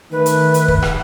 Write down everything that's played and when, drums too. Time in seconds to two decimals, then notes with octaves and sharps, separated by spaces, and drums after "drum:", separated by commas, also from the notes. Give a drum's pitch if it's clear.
0.12 D#3 A3 B4
0.26 drum: hi-hat
0.54 drum: hi-hat
0.68 drum: kick
0.82 drum: rim click